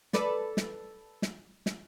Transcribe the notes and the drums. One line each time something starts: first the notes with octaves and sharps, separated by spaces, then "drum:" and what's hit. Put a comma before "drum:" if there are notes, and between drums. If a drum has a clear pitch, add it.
A4 B4 D5, drum: snare
drum: snare
drum: snare
drum: snare